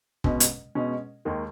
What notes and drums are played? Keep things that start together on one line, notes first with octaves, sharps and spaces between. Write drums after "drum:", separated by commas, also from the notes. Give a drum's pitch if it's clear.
B2 G#3 C#4, drum: kick
drum: hi-hat
B2 G#3 C#4
D#2 D#3 G#3